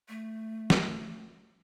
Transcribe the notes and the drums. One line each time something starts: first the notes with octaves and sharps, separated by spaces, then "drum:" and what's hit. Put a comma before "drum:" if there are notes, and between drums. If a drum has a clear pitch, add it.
A3
drum: snare